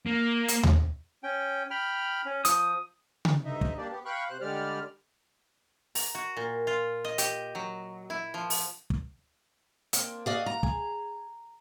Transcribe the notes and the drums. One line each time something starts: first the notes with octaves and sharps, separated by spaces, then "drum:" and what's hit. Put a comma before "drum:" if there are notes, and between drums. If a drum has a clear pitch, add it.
A#3
drum: hi-hat
drum: tom D#2
C#4 G5
G5 B5 F6
C#4
F3 D#6, drum: hi-hat
drum: tom C#3
D2 G2 D3 D#4 D#5 E5
drum: kick
G3 A#3 D4 G4 D5
B3 G4
F5 G5 B5 C#6 F#6
C3 C5 F#6
D3 G3 G#3 G4 D5 F6
A#5, drum: open hi-hat
F#4
A#2
F4
D#5
G4, drum: hi-hat
F#3
E4
F3
drum: open hi-hat
drum: kick
A#3 C4 D4, drum: hi-hat
F#4 G#4 D5 D#5 F5 F#5
A#5
G#4, drum: kick